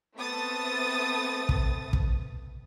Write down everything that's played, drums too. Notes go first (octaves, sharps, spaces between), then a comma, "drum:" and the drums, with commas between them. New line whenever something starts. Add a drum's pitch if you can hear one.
A3 B3 C4 A4 D#6 A6
drum: kick
drum: kick